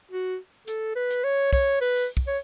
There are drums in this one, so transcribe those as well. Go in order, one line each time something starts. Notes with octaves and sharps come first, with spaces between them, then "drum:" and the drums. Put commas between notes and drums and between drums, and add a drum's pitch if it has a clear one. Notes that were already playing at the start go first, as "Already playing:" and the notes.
F#4
A4, drum: hi-hat
B4
drum: hi-hat
C#5
C#5, drum: kick, open hi-hat
B4
drum: open hi-hat
drum: kick
C#5